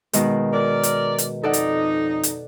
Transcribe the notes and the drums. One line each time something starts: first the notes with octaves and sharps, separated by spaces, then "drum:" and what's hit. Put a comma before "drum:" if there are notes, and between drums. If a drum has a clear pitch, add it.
B2 D#3 G#3, drum: hi-hat
A#4 D5
drum: hi-hat
drum: hi-hat
F2 D#4 A4 D5 F#5
drum: hi-hat
drum: hi-hat